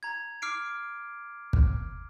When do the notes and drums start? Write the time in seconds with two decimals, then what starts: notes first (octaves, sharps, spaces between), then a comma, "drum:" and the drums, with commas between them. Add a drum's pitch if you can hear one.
0.03 A#5 G#6
0.42 D6 F6 C7 D7
1.53 drum: kick